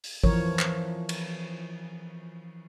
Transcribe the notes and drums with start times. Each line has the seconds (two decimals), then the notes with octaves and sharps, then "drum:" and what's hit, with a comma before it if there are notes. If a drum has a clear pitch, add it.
0.04 drum: open hi-hat
0.24 E3 F3 A#4 C#5, drum: kick
0.59 drum: clap
1.09 drum: cymbal